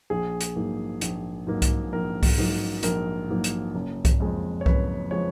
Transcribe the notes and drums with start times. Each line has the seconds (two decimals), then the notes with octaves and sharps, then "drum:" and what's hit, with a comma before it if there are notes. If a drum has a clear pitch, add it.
0.10 A#1 G#4
0.41 drum: hi-hat
0.56 G#2 F#3 A#3
1.01 A#1, drum: hi-hat
1.47 G#2 F#3 A#3
1.62 drum: kick C2, hi-hat
1.92 A#1 A#4
2.23 drum: kick C2, open hi-hat
2.38 G#2 F#3 A#3
2.83 A#1 A#4, drum: hi-hat
3.29 G#2 F#3 A#3
3.44 drum: hi-hat
3.75 F#1
4.05 drum: kick C2, hi-hat
4.20 F2 F3 G#3
4.61 C#5
4.66 F#1 B4, drum: kick C2
5.11 F3 G#3 C#5